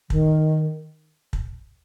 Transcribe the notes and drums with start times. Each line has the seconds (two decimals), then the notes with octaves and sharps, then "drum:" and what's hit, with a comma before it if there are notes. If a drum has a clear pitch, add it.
0.10 D#3, drum: kick
1.33 drum: kick